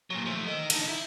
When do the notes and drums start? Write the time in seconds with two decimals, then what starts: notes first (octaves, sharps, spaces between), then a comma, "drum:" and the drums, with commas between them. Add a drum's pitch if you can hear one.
0.10 A#2 F#3
0.25 F3 A3
0.47 A#4 D#5
0.70 D3 D#4, drum: cymbal
0.88 E4